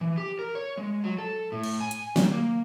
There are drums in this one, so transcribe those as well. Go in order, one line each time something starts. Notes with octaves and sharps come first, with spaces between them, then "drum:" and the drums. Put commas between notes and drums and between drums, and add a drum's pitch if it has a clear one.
E3
G4
A#4
C#5
G#3
F#3
A4
A2
drum: cymbal
G#5
drum: hi-hat
D#3, drum: snare F#3
A#3